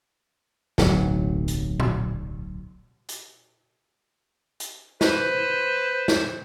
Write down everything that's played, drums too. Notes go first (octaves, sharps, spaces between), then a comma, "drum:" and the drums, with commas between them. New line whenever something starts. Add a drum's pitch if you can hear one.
D1 B1 F#3, drum: snare
drum: hi-hat
drum: tom A#2
drum: hi-hat
drum: hi-hat
B4 C5, drum: snare
drum: snare